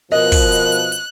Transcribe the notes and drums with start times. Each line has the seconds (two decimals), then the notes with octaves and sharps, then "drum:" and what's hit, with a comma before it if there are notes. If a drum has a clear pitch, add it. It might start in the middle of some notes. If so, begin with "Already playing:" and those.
0.12 B2 F3 A#4 D#5 F#6
0.32 drum: kick, open hi-hat
0.52 drum: hi-hat
0.72 drum: hi-hat
0.92 drum: hi-hat